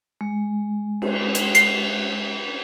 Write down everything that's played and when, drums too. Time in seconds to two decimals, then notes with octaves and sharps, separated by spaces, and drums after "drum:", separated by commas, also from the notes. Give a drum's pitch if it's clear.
0.21 G#3
1.02 drum: cymbal
1.35 drum: hi-hat
1.55 C7, drum: hi-hat